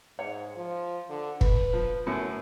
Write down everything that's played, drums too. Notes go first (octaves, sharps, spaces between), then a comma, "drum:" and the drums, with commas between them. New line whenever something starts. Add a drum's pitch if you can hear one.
G#2 C#5
F3
D3
B4, drum: kick
F3
F#2 A2